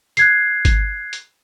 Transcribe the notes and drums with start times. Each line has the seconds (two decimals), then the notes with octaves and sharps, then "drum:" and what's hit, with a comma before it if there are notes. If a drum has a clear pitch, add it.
0.17 F#6 G#6 C7, drum: hi-hat
0.65 drum: kick G#1, hi-hat
1.13 drum: hi-hat